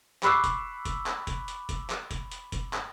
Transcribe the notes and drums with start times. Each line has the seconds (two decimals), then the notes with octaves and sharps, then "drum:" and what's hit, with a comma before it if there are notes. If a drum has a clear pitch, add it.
0.23 B5 C#6 D6 E6 F#6 C7, drum: clap
0.44 drum: kick F1, hi-hat
0.85 drum: kick F1, hi-hat
1.06 drum: clap
1.27 drum: kick F1, hi-hat
1.48 drum: hi-hat
1.69 drum: kick F1, hi-hat
1.90 drum: clap
2.11 drum: kick F1, hi-hat
2.31 drum: hi-hat
2.52 drum: kick F1, hi-hat
2.73 drum: clap